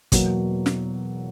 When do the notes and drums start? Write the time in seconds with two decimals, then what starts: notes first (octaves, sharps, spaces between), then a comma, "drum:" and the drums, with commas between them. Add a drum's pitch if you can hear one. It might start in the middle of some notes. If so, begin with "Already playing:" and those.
0.12 E2 B2 F#3 A#3, drum: kick, hi-hat
0.66 drum: snare